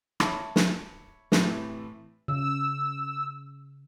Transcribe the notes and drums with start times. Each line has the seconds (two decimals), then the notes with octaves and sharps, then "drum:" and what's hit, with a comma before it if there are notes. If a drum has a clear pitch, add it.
0.20 C#5 E5 A5 B5 D6, drum: rim click
0.56 drum: snare
1.32 A2 C3 E3 A3, drum: snare
2.28 C#3 E6